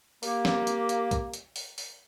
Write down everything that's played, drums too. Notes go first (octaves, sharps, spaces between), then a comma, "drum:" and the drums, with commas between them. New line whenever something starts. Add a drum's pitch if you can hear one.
A#3 G4, drum: open hi-hat
drum: snare
drum: hi-hat
drum: hi-hat
drum: kick B1, hi-hat
drum: hi-hat
drum: open hi-hat
drum: open hi-hat